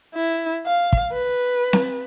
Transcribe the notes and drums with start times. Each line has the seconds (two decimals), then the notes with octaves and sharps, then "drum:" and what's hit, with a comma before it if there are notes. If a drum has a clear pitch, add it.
0.15 E4
0.66 F5
0.93 drum: kick
1.13 B4
1.73 drum: snare C4